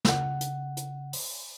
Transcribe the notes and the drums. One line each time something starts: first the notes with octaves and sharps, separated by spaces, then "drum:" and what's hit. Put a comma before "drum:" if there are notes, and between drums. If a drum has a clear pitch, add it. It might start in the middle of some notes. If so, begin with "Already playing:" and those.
C#3 F#5, drum: snare
drum: hi-hat
drum: hi-hat
drum: open hi-hat